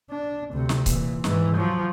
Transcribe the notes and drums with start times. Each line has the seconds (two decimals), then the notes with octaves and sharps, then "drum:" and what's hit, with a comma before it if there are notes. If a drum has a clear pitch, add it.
0.10 D4
0.53 D2 C3
0.69 drum: snare
0.86 A#2 E3, drum: kick C#1, hi-hat
1.24 G#2 E3, drum: snare
1.56 F3 F#3